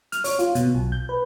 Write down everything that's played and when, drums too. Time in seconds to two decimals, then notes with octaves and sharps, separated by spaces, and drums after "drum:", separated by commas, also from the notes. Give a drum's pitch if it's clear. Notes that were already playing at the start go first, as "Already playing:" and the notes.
0.12 F6, drum: hi-hat
0.24 C#5, drum: open hi-hat
0.39 F4, drum: hi-hat
0.55 B2, drum: hi-hat
0.75 B1
0.92 G6
1.09 B4